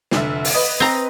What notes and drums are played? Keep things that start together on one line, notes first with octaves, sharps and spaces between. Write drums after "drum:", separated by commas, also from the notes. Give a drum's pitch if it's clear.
F1 D3 E5, drum: snare
drum: open hi-hat
B4 D#5
C4 A#5